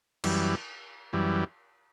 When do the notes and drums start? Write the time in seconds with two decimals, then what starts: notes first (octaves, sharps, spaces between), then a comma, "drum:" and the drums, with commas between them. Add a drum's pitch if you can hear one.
0.24 F#2 E3 G3, drum: cymbal
1.13 F#2 E3 G3